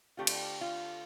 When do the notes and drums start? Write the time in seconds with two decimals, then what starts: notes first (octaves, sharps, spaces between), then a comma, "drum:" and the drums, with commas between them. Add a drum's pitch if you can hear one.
0.17 D3 A3 C4 F4 G4
0.27 drum: cymbal
0.61 F4